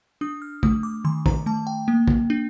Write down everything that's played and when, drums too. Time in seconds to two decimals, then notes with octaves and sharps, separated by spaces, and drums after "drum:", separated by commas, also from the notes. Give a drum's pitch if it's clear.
0.21 D4 D#6
0.42 F6
0.63 A3 D#6, drum: kick
0.83 D6
1.05 D#3 C6
1.26 A#5, drum: kick
1.46 A3 A5
1.67 G5
1.88 A#3
2.08 drum: kick
2.30 D4